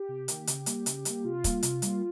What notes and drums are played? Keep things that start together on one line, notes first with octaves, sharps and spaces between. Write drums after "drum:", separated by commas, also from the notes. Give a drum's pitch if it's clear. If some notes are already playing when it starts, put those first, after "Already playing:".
Already playing: G4
C3
D#3 A#3, drum: hi-hat
C#3, drum: hi-hat
G3 A#3, drum: hi-hat
C#3, drum: hi-hat
G3 A#3, drum: hi-hat
C3 F4
G3 A#3, drum: kick, hi-hat
C3, drum: hi-hat
G3 A#3, drum: hi-hat